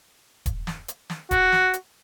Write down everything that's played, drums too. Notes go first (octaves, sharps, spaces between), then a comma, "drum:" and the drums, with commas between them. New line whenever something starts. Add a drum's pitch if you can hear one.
drum: kick D#1, hi-hat
drum: snare
drum: hi-hat
drum: snare
F#4, drum: kick D#1, hi-hat
drum: snare
drum: hi-hat